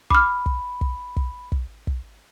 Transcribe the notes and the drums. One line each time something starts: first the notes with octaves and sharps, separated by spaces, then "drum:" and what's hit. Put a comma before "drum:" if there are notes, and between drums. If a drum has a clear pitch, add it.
B5 D6 F6, drum: kick
drum: kick
drum: kick
drum: kick
drum: kick
drum: kick